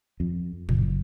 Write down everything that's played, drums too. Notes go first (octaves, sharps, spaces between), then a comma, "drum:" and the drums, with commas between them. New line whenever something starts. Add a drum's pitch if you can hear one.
F2
F#1, drum: tom A2